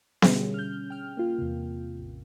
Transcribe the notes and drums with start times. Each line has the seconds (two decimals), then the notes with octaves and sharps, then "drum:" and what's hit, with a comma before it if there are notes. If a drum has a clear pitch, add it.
0.22 B2 D3 G3 C#4 G#4, drum: snare B3
0.54 F6 G6
0.90 G5 F6
1.17 A#3 F4
1.38 E2 C3
1.99 A1